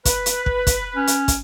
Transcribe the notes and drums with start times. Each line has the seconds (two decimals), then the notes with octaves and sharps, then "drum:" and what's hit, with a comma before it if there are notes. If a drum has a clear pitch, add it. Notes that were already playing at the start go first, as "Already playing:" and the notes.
0.05 B4, drum: kick, hi-hat
0.26 drum: hi-hat
0.46 drum: kick
0.67 drum: kick, hi-hat
0.96 C#4
1.07 drum: hi-hat
1.28 drum: kick, hi-hat